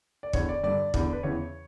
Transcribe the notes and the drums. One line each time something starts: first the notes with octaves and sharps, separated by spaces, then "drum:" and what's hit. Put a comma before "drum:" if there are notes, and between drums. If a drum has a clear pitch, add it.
D5
E2 D3 C#5, drum: kick
D5
G2 D3 D5
E2 D3, drum: kick
B4
E2 C#3 E3 C#5